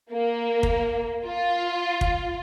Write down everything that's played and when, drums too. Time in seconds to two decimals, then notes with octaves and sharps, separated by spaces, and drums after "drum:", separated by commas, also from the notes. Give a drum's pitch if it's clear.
0.11 A#3
0.63 drum: kick
1.24 F4
2.01 drum: kick